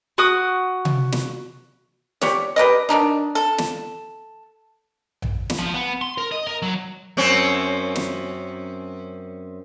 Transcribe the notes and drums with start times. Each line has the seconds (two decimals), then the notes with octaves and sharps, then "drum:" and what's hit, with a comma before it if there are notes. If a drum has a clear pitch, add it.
0.18 F#4 D#6
0.85 drum: tom C3
1.12 drum: snare
2.21 G4 C#5 D5, drum: snare
2.56 G4 B4 D5 D#5
2.89 D#3 G3 D4 D#4
3.35 A4
3.58 drum: snare
5.22 drum: tom A#1
5.50 drum: snare
5.59 F3
5.74 B3
6.02 C6
6.18 A#4
6.32 D#5
6.47 A#4
6.62 F#3
7.17 F#2 C4 C#4
7.96 drum: snare